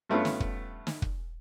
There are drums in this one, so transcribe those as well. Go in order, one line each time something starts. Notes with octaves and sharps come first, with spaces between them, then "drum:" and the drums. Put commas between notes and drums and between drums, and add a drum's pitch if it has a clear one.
G2 A3 B3 C#4 F4
drum: snare
drum: kick
drum: snare
drum: kick